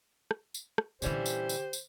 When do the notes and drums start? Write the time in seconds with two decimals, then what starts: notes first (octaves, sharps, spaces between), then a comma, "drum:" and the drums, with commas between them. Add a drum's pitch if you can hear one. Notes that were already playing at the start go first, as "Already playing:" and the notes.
0.31 drum: rim click
0.54 drum: tambourine
0.78 drum: rim click
1.02 A#2 D3 E3 G3 C#4 G4 C5, drum: tambourine
1.26 drum: tambourine
1.49 drum: tambourine
1.73 drum: tambourine